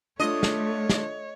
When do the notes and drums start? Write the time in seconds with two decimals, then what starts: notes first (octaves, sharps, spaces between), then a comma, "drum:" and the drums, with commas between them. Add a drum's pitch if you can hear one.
0.20 A3 D4 F4 C#5 D#5
0.43 drum: snare
0.90 drum: snare